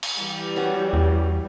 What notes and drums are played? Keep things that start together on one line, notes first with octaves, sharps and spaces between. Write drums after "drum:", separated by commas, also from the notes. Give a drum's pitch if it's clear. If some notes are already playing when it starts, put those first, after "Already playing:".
drum: cymbal
E3 G3
B3 C#4 F#4
E2